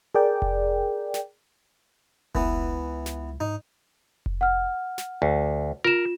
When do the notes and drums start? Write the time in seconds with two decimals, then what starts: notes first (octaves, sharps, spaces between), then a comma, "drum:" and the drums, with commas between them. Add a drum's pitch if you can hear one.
0.15 G#4 A#4 D5 G5
0.42 drum: kick F1
1.14 drum: snare
2.35 C#2 E3 B3, drum: kick F1
3.06 drum: snare
3.40 G#2 D#4
4.26 drum: kick F1
4.41 F#5 F6
4.98 drum: snare
5.22 D2
5.84 F4 A#4 E7